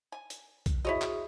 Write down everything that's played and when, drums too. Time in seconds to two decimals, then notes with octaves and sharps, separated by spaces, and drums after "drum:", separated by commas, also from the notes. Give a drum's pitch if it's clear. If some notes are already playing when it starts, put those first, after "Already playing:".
0.12 G#5
0.30 drum: hi-hat
0.66 drum: kick B1, hi-hat
0.85 E4 F#4 G#4 C#5 D#5
1.02 drum: clap